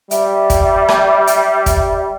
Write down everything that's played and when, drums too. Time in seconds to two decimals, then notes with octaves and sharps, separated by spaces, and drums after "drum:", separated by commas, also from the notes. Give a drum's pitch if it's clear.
0.11 G3 E5, drum: hi-hat
0.50 drum: kick, hi-hat
0.89 drum: rim click
1.27 drum: hi-hat
1.66 drum: kick, hi-hat